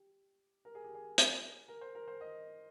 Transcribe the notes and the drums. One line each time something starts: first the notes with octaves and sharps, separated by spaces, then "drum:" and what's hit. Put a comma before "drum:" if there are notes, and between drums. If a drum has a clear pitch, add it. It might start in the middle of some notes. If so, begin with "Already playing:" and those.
Already playing: G4
A#4
G#4
G4
G#4
drum: hi-hat
A#4
C5
A#4
C5
D#5